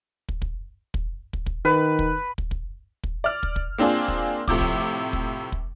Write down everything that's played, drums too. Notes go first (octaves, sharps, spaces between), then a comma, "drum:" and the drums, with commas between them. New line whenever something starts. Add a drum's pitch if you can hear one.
drum: kick
drum: kick
drum: kick
drum: kick
drum: kick
D#3 B4
drum: kick
drum: kick
drum: kick
drum: kick
D5 F6
drum: kick
drum: kick
A#3 C4 D4 F4 G#4
drum: kick
A2 C3 F3 D6, drum: kick
drum: kick
drum: kick
drum: kick